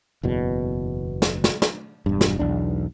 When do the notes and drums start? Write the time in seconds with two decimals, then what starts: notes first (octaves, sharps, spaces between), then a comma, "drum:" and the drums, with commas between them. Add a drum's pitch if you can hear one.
0.23 F#1 E2 B2
1.22 drum: snare
1.44 drum: snare
1.62 drum: snare
2.06 E1 G2
2.21 drum: snare
2.39 B1 E2 D4